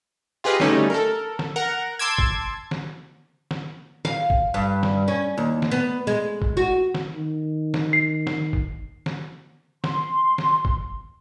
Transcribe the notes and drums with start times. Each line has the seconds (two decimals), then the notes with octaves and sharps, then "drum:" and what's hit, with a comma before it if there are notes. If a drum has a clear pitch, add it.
0.44 F4 G4 G#4 B4 D#5 F5
0.60 D3 F#3 G3 A3 C#4 D#4, drum: snare
0.90 A4 A#4
1.39 drum: snare
1.56 A#4 F#5 A#5
1.99 A5 C6 D6 E6 G#6
2.18 drum: kick
2.71 drum: snare
3.51 drum: snare
4.05 F5, drum: snare
4.30 drum: kick
4.54 G2
4.83 drum: snare
5.08 C#4
5.38 D#2
5.62 drum: snare
5.71 B3
6.07 G#3
6.42 drum: kick
6.57 F#4
6.95 drum: snare
7.14 D#3
7.74 drum: snare
7.93 C7
8.27 drum: snare
8.53 drum: kick
9.06 drum: snare
9.84 C6, drum: snare
10.38 drum: snare
10.65 drum: kick